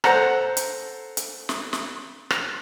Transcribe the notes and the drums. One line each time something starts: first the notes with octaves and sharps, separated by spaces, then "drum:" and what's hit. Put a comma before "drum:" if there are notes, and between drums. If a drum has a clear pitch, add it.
A4 C5 F#5 A5 A#5, drum: rim click
drum: hi-hat
drum: hi-hat
drum: snare
drum: snare
drum: rim click